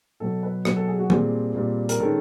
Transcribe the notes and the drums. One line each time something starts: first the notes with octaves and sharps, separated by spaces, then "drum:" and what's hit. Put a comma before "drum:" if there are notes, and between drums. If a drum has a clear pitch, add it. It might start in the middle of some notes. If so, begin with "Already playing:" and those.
B2 F#3 B3 A4
B4
B2 F#3 B3 B4, drum: rim click
A4
G#4
F#4
A#2 G3 C4 G#4, drum: tom
A#2 G3 C4
A#4, drum: hi-hat
D#3 G#3 C#4 A4